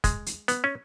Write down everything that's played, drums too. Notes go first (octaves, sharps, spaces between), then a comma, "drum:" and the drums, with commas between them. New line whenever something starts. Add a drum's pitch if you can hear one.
G#3, drum: kick, hi-hat
drum: hi-hat
B3, drum: hi-hat
C#4